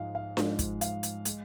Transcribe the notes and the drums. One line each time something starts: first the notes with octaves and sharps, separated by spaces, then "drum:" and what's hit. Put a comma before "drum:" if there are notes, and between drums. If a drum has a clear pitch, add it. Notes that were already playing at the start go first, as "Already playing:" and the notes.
Already playing: G#2 F3 G#3 F5
F5
G#2 F3 G#3, drum: snare D4
drum: kick, hi-hat
F5, drum: hi-hat
drum: hi-hat
G#3, drum: hi-hat